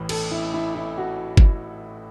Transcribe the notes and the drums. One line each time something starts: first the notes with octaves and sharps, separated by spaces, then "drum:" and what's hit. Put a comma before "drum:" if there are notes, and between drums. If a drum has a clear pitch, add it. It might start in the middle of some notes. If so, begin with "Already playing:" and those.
Already playing: A1 A2 E3
A4, drum: cymbal
E4
E4
E4
F#4
drum: kick